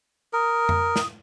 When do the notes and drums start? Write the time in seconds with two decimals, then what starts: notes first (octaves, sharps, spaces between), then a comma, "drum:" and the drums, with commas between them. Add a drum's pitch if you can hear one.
0.33 A#4 D#6
0.69 drum: tom F2
0.96 drum: snare